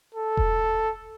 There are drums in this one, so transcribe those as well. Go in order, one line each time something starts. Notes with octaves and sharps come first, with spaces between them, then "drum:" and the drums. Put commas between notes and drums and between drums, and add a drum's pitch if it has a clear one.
A4
drum: kick E1